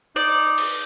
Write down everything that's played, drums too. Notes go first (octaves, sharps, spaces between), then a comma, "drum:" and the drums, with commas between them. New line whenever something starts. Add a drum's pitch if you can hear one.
D#4 D5
drum: cymbal